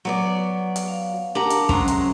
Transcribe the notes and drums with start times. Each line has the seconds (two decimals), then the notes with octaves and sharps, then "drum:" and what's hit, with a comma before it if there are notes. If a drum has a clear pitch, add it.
0.05 F#3 B3 D5
0.76 drum: hi-hat
0.88 F5
1.35 D4 G4 A#4 F#5 A5 A#5
1.50 drum: hi-hat
1.69 C3 F#3 G#3 C#4 F#4 A#5, drum: kick
1.88 drum: hi-hat